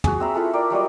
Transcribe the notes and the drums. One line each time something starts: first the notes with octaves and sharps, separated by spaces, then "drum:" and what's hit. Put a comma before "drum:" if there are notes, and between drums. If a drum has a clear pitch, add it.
F#4 G#4, drum: tom
C4 E5 A#5 B5
E4 F4 A4 B5
A#4 D5 G5 A#5
F#3 G3 F#4 D#5